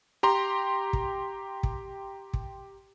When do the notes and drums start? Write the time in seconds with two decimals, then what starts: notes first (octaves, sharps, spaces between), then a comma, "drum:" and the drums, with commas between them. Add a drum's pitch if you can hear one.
0.23 G4 A#5 C6
0.93 drum: kick
1.63 drum: kick
2.34 drum: kick